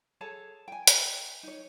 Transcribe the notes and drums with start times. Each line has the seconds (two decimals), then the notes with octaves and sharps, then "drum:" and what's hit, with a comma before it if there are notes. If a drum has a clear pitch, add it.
0.21 G#4 A4 C#5 A5
0.68 G5 G#5
0.87 drum: hi-hat
1.43 D#4 C#5